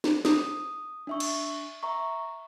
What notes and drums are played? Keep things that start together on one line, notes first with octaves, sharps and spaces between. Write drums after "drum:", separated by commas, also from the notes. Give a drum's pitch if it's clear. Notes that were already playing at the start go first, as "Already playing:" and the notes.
drum: snare
D#6, drum: snare
D4 E5 C#6
drum: cymbal
E5 A#5 C#6